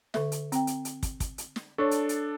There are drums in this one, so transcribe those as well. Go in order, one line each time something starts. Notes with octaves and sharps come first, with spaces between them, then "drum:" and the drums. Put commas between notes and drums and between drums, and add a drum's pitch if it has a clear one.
D3 A4 E5, drum: snare
drum: hi-hat
C4 G5, drum: hi-hat
drum: hi-hat
drum: hi-hat
drum: kick, hi-hat
drum: kick, hi-hat
drum: hi-hat
drum: snare
D4 A4 C#5 C#6
drum: hi-hat
drum: hi-hat